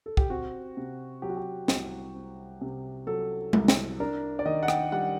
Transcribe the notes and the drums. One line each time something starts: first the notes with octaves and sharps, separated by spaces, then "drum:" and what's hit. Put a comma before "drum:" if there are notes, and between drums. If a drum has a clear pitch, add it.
A4
G4, drum: kick
C4 F#4
C3
F#3 G4
F#4
G4
C2, drum: snare
C4
C3
F#3 A4
C2, drum: tom G#3
drum: snare
D4 A#4
D5
D#3 D#5
F#5
G5, drum: rim click
G3 F#5